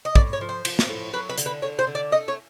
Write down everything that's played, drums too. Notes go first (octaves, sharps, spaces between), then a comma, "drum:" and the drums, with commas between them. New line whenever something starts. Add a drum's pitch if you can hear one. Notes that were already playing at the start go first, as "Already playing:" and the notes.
D#5
A2 D5, drum: kick
C#5
F3
C5
F3, drum: cymbal
drum: snare
A2
F#3 B4
B4
D3, drum: hi-hat
B4
D3 C#5
C5
D3
D5
A3 D#5
C#5